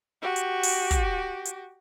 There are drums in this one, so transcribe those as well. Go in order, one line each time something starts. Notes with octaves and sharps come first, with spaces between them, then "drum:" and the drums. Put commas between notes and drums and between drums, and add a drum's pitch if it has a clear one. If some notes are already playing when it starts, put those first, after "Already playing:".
F#4 G4
drum: hi-hat
drum: open hi-hat
drum: kick, hi-hat
drum: hi-hat